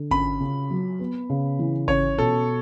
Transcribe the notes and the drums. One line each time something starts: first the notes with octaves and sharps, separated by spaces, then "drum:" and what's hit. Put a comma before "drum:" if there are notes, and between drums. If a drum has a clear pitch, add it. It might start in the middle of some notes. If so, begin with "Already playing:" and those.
Already playing: D3
C#4 B5, drum: kick G#1
C#3
F#3
B3
C#3
E3
C#4 C#5, drum: kick G#1
B2 A4